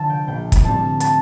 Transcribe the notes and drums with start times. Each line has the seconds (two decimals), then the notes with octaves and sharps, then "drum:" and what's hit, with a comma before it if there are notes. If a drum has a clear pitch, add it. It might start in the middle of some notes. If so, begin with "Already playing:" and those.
Already playing: D3 F3 A5
0.10 G5
0.27 A#1 G5
0.52 drum: kick, hi-hat
0.64 A2 G3 C4 A5
1.00 A5, drum: hi-hat